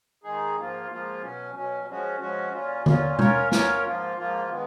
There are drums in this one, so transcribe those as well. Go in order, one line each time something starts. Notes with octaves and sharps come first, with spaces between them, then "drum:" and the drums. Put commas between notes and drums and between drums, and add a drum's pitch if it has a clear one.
D#3 G#3 D#4 G#4
G#2 F3 A#3 F4
G#2 F3 A#3 F4
B2 F#3 C#4
B2 F#3 C#4
F3 G#3 C#4 F#4
F3 G#3 C#4 F#4
A#2 F#3 C#4 F4
A#2 F#3 C#4 F4, drum: tom D3
F#3 C#4 F4 A#4 C#5, drum: tom
F#3 C#4 F4 A#4 C#5, drum: snare
G#2 F3 A#3 F4
G#2 F3 A#3 F4
D#3 G#3 B3